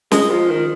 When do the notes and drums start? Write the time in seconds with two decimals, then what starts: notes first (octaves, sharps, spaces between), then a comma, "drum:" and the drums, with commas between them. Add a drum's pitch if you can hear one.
0.11 G#3, drum: snare
0.31 F3
0.50 D#3